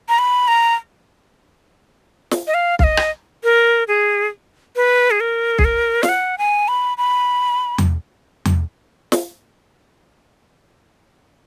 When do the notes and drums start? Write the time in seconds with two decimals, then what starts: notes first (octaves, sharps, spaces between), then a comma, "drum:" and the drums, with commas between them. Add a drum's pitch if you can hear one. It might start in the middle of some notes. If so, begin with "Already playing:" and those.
0.09 A#5
0.19 B5
0.48 A#5
2.31 drum: snare
2.47 D#5
2.54 F5
2.79 F5, drum: kick B1
2.84 D#5
2.97 drum: rim click
3.44 A#4
3.88 G#4
4.76 B4
5.11 G#4
5.20 A#4
5.59 G#4, drum: kick B1
5.65 A#4
6.03 F5, drum: snare
6.09 F#5
6.38 G#5
6.68 B5
6.98 B5
7.78 drum: tom E2
8.45 drum: tom E2
9.12 drum: snare